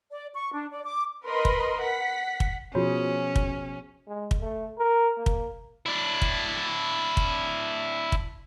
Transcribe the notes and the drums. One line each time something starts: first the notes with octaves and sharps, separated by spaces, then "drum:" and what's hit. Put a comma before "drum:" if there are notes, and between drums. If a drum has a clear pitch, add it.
D5
C#6
D4
D5
D6
A#4 B4 D#5 B5 C6
drum: kick
F#5 B6
drum: kick
B2 F3 C#4 F4 F#4 G#4 C#5
drum: kick
G#3
drum: kick
A3
A#4
A#3
drum: kick
D4 E4
drum: kick
drum: kick
drum: kick